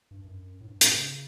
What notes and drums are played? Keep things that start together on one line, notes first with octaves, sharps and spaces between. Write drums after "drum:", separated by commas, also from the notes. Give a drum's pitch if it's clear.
G2
F#2
A2
G2
A2, drum: hi-hat
C#3